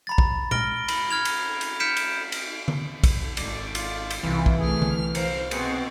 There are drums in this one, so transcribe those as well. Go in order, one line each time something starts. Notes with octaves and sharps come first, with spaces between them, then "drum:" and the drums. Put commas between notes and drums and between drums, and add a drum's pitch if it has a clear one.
A#5 B5 A6
drum: kick
F6 A#6 D7 G7, drum: tom A#2
B5, drum: cymbal
F6 G#6 F7
drum: cymbal
drum: cymbal
F6 G6 B6 C#7 D7 E7
drum: cymbal
drum: cymbal
drum: tom D3
drum: kick, cymbal
D#1 G#1 D5, drum: cymbal
F4 D5, drum: cymbal
drum: cymbal
C2 E3 G3 E4 F4
drum: kick
A3 G#4 F6
drum: tom D3
A#4 C5 F5, drum: cymbal
B2 C4 G#4 C5 F#5, drum: cymbal